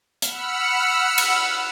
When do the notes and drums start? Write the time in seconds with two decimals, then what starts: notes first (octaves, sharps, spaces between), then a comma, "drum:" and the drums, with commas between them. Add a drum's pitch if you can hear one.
0.22 F#5 B5 E6 F6 C#7, drum: hi-hat
1.18 drum: cymbal